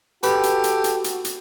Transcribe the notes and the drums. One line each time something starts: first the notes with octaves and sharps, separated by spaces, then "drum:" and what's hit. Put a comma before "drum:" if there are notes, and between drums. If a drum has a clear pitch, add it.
F#4 G4 A4 B4, drum: hi-hat
drum: hi-hat
drum: hi-hat
drum: hi-hat
drum: hi-hat
drum: hi-hat